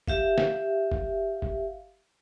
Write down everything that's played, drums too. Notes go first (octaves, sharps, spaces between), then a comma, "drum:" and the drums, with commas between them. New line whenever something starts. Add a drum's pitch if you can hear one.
G4 E5 F5, drum: kick F#1
drum: snare
drum: kick F#1
drum: kick F#1